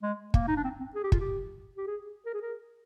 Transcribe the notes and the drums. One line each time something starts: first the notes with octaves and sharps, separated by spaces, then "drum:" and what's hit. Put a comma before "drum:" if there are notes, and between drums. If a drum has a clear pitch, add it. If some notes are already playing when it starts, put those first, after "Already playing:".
G#3
A#3, drum: kick
D#4
D4
C4
C4
G#4
G4
F4, drum: kick
G4
G4
G#4
A#4
G#4
A#4